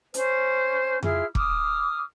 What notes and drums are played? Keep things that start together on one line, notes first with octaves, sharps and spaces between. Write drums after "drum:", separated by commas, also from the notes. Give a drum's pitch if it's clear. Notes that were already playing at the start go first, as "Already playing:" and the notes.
C#4 C5, drum: hi-hat
E4 F4 G#4 F6, drum: tom F2
D6 D#6 F6, drum: kick E1